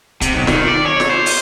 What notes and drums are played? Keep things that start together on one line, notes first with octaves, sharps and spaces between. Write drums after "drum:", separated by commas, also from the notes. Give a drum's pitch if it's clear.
C3, drum: kick, hi-hat
B1
D#3, drum: snare
D5
C#5
drum: snare
C5
drum: open hi-hat